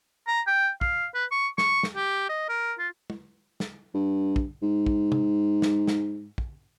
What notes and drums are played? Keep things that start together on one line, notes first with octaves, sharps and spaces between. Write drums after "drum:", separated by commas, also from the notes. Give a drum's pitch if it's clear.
A#5
G5
F5, drum: kick
B4
C#6
C#6, drum: snare
drum: snare
G4
D#5
A#4
F4
drum: tom
drum: snare
G2
drum: kick
G#2
drum: kick
drum: tom
drum: snare
drum: snare
drum: kick